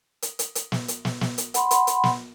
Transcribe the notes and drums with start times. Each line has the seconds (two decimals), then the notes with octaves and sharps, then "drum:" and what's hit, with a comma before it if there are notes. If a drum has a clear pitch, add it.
0.22 drum: hi-hat
0.39 drum: hi-hat
0.55 drum: hi-hat
0.72 drum: snare
0.88 drum: hi-hat
1.05 drum: snare
1.21 drum: snare
1.38 drum: hi-hat
1.54 F#5 B5 C6, drum: hi-hat
1.71 drum: hi-hat
1.87 drum: hi-hat
2.04 drum: snare